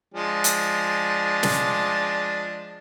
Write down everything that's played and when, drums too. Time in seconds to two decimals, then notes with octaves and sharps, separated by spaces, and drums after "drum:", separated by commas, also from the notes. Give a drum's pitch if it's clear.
0.14 F3 G#3 D4
0.44 drum: hi-hat
1.43 drum: snare